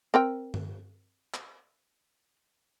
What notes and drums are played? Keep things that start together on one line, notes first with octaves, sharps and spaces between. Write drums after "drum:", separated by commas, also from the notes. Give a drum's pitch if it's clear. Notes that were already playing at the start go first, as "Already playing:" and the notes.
C4 A#4 G5
drum: tom
drum: clap